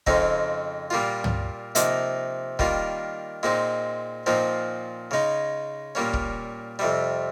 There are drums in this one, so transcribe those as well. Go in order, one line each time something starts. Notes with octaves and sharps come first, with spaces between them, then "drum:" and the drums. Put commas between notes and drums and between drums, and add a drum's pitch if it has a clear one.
F2 C#3 G#3 C4 D#4, drum: kick
A#2 G3 A#3 F4
drum: tom
C3 F3 A#3 D#4, drum: hi-hat
D#3 G3 A#3 F4, drum: kick
A#2 G#3 C4 D#4
A#2 F3 C4 D#4
C#3 G#3 D#4
A#2 G3 A#3 C#4
drum: kick
F2 C3 G3